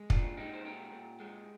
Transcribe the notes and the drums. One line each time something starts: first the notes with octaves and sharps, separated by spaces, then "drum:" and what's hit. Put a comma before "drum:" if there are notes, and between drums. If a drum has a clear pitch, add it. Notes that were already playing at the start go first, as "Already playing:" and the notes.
Already playing: G#3
A#2 D4 F4, drum: kick
G#3 D#4 G4
C5
A#2 G4 A#4
A#2
G#3